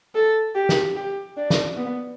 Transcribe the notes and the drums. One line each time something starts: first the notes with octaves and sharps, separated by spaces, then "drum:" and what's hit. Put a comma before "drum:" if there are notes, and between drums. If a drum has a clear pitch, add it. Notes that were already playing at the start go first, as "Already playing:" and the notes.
A4
G4
drum: snare
G4
D4
drum: snare
B3